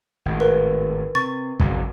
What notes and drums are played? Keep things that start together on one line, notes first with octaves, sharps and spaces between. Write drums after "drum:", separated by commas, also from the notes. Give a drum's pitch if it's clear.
G#1 A2
A#4 B4
C3 C#6 A6
F#1 C2 F#2, drum: kick